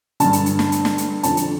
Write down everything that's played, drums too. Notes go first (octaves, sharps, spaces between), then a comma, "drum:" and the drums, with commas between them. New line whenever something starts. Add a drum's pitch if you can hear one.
G2 D3 A5, drum: hi-hat
drum: hi-hat
drum: hi-hat
drum: snare
drum: hi-hat
drum: snare
drum: hi-hat
F2 D3 A5, drum: hi-hat
drum: hi-hat